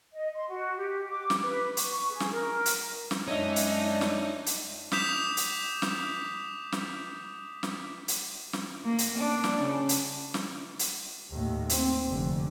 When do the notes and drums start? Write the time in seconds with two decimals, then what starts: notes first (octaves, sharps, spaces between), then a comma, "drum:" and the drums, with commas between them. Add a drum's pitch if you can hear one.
0.13 D#5
0.35 C6
0.49 F#4
0.76 G4
1.09 D6
1.30 drum: snare
1.42 B4
1.77 C#6, drum: hi-hat
2.10 G#4
2.20 drum: snare
2.31 A#4
2.66 drum: hi-hat
3.11 drum: snare
3.27 F#2 F#3 G#3 D4 D#4 C#5 D#5 E5
3.56 drum: hi-hat
4.01 drum: snare
4.46 drum: hi-hat
4.92 D6 D#6 G6 B6 E7 F7, drum: snare
5.37 drum: hi-hat
5.82 drum: snare
6.72 drum: snare
7.63 drum: snare
8.08 drum: hi-hat
8.53 drum: snare
8.85 A#3
8.98 drum: hi-hat
9.18 D4
9.44 drum: snare
9.62 C#3
9.89 drum: hi-hat
10.34 drum: snare
10.79 drum: hi-hat
11.31 D#2 A2
11.69 C4, drum: hi-hat
12.08 F1 D3